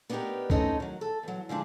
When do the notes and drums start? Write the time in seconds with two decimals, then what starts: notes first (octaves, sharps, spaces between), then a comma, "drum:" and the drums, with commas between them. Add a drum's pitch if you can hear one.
0.10 B3 D4 D#4 F4 G4 A#4
0.50 A2 C4 C#4 D#4 A4 D#5, drum: kick C#2
0.80 D#3 F#3
1.01 A4
1.23 E2 F#3
1.49 D3 F3 G#3 D4